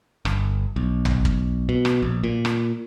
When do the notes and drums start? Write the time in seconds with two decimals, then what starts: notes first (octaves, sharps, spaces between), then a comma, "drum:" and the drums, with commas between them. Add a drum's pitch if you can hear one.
0.25 G1, drum: rim click
0.76 B1
1.05 drum: tom
1.25 drum: kick
1.69 B2
1.85 drum: rim click
2.02 A#1
2.24 A#2
2.45 drum: rim click